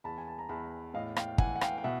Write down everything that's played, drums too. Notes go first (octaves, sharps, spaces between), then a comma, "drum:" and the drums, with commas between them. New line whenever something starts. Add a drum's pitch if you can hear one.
E2 A5 B5
G#5
A5
A#5
E2 A5 B5
A2 D#5 F5
F5 G5, drum: rim click
E3 F#5 G#5, drum: kick
F#5
F5 G5, drum: rim click
G5
B2 E5 F#5